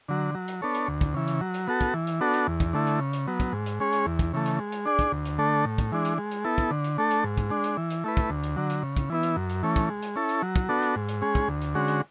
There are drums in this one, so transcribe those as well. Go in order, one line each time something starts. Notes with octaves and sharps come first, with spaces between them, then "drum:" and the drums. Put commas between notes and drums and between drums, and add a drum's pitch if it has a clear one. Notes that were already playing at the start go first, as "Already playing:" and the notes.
D3 F#3
F#3
drum: hi-hat
B3 D4 A4 C#5
drum: hi-hat
D2
drum: kick, hi-hat
C#3 E3
drum: hi-hat
F#3
drum: hi-hat
B3 F#4 A4
drum: kick, hi-hat
E3
drum: hi-hat
B3 D4 F#4 A4
drum: hi-hat
E2
drum: kick, hi-hat
D3 A3 E4
drum: hi-hat
C#3
drum: hi-hat
F#3 B3
drum: kick, hi-hat
G#2
drum: hi-hat
G#3 C#4 G#4 C#5
drum: hi-hat
E2
drum: kick, hi-hat
C#3 E3 A3
drum: hi-hat
G#3
drum: hi-hat
D4 G#4 D5
drum: kick, hi-hat
D2
drum: hi-hat
D3 A3 D4 A4
A2
drum: kick, hi-hat
E3 G#3 D4
drum: hi-hat
G#3
drum: hi-hat
B3 E4 A4
drum: kick, hi-hat
D3
drum: hi-hat
A3 D4 A4
drum: hi-hat
G#2
drum: kick, hi-hat
G#3 D4
drum: hi-hat
E3
drum: hi-hat
A3 E4 B4
drum: kick, hi-hat
D2
drum: hi-hat
D3 F#3
drum: hi-hat
C#3
drum: kick, hi-hat
E3 B3 E4
drum: hi-hat
F#2
drum: hi-hat
E3 A3 C#4
drum: kick, hi-hat
G#3
drum: hi-hat
C#4 E4 A4
drum: hi-hat
F#3
drum: kick, hi-hat
B3 D4 F#4 A4
drum: hi-hat
G#2
drum: hi-hat
G#3 C#4 G#4
drum: kick, hi-hat
D2
drum: hi-hat
D3 G#3 C#4 F#4
drum: hi-hat